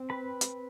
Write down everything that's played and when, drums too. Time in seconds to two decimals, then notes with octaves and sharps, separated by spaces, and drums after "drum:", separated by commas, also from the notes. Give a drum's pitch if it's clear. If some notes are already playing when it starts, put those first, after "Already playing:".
Already playing: C4
0.10 B4 B5
0.41 drum: hi-hat